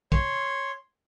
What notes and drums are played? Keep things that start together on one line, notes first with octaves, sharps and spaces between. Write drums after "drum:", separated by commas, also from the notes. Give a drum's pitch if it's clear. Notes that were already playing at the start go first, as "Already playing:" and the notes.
C#5 C6, drum: kick